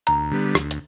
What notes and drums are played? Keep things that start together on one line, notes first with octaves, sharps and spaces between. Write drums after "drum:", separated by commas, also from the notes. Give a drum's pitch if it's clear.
D2 A#5, drum: hi-hat
D3 G3 B3
D2, drum: rim click
drum: hi-hat